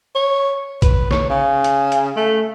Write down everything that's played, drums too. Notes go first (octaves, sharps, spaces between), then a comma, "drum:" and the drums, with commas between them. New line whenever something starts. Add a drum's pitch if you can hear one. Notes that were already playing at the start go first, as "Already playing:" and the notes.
C#5
B4, drum: kick, hi-hat
C#5, drum: snare
C#3
drum: hi-hat
drum: hi-hat
A3